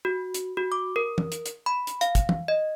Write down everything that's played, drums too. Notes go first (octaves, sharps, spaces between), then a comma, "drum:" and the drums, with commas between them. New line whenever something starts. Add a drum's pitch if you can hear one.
F#4
drum: hi-hat
F#4
D6
A#4
drum: tom
drum: hi-hat
drum: hi-hat
B5
drum: hi-hat
F5, drum: hi-hat
drum: kick, hi-hat
drum: tom
D#5